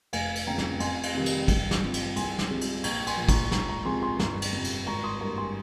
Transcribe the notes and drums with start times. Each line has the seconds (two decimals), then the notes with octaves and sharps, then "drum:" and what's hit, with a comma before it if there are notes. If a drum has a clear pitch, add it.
0.13 F1 F5 G#5, drum: cymbal
0.36 drum: cymbal
0.47 F2 C#3 G5 A#5
0.58 drum: snare
0.80 F2 G#5 C6, drum: cymbal
1.03 drum: cymbal
1.15 C3 D#3 G3
1.26 drum: cymbal
1.48 G2, drum: kick, cymbal
1.71 drum: snare
1.82 F3 C4
1.94 drum: cymbal
2.16 C2 G#5 C6, drum: cymbal
2.39 drum: snare
2.49 C3 F3 G#3
2.61 drum: cymbal
2.84 A#1 A#5 C#6, drum: cymbal
3.07 G#5 C6, drum: cymbal
3.17 A#2 F3
3.28 A#5 C#6, drum: kick, cymbal
3.51 C#2 A#5 C#6, drum: snare
3.69 A#5 C#6
3.85 C3 F3 G#3 C4 G#5 C6
4.02 G#5 C6
4.19 G1 A#5 C#6, drum: snare
4.42 drum: cymbal
4.53 F2 C3
4.64 drum: cymbal
4.87 G#1 A#5 C#6
5.04 C6 D#6
5.21 G2 G3 A#3 A#5 C#6
5.38 G#5 C6